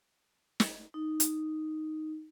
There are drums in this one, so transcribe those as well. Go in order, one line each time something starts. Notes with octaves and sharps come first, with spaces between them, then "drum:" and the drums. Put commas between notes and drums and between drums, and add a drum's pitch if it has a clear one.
drum: snare
D#4
drum: hi-hat